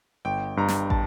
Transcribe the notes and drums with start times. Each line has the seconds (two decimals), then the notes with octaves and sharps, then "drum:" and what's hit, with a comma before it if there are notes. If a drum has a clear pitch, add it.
0.25 G1 G5
0.57 G2 A#5
0.68 drum: snare
0.90 A5, drum: kick